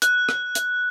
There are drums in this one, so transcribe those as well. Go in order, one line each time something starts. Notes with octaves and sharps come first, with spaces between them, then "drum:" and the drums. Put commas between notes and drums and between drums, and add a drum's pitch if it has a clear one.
F#6, drum: hi-hat
drum: rim click
drum: hi-hat